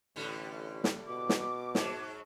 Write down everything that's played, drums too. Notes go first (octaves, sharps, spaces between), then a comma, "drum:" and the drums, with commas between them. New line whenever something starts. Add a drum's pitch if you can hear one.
A1 A2 D3 G3
drum: snare
B2 D6
drum: snare
G#2 F#3, drum: snare